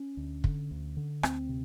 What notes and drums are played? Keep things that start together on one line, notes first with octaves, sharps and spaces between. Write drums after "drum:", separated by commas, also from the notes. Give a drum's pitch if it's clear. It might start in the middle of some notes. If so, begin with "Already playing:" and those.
Already playing: C#4
D2
D3, drum: kick
D2
D3
D2 C4, drum: rim click
C3